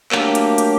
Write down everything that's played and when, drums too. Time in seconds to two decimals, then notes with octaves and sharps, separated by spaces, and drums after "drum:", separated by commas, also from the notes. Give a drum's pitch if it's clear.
0.12 F#3 A3 A#3 D4 G4, drum: clap
0.35 drum: hi-hat
0.58 drum: hi-hat